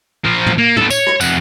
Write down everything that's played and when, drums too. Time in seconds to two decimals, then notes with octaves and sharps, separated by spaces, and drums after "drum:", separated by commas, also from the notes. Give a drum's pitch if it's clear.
0.25 F3 A#4
0.46 drum: tom
0.58 A#3
0.77 B3 A4, drum: tom
0.90 C#5, drum: tambourine
1.07 drum: rim click
1.21 F2 F#5, drum: tambourine